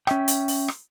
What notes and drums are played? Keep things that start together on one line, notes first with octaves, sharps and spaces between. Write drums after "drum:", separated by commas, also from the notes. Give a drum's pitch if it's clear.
C#4 E5 G5, drum: rim click
drum: hi-hat
drum: open hi-hat
drum: rim click